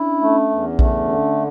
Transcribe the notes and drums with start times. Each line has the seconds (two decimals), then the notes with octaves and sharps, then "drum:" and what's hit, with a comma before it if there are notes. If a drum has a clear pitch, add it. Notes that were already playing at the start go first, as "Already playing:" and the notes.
Already playing: C#4 D4 E4
0.21 A3
0.50 E2
0.79 A3, drum: kick A#1
1.08 D3